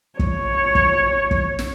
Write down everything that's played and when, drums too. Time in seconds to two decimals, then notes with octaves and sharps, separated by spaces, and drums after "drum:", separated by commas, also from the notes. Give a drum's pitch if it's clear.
0.19 C#5, drum: kick
0.75 drum: kick
1.31 drum: kick
1.59 drum: snare